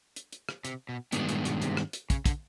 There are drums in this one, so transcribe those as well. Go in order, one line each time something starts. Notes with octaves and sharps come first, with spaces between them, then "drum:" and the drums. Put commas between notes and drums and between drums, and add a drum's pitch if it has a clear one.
drum: hi-hat
drum: hi-hat
drum: rim click
C3, drum: hi-hat
B2
G2 A#2 D#3 G#3 B3 D4, drum: hi-hat
A#2, drum: hi-hat
B2, drum: hi-hat
C3, drum: hi-hat
drum: rim click
drum: hi-hat
C#3, drum: kick, hi-hat
D3, drum: kick, hi-hat